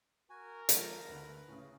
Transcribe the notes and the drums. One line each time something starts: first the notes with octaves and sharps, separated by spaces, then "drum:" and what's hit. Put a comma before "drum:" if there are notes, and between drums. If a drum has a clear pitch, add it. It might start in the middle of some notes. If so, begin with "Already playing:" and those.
F#4 A#4 G#5
F3 G#3 A4 A#5, drum: hi-hat
D2 D3 B4
A2 C#3 C#4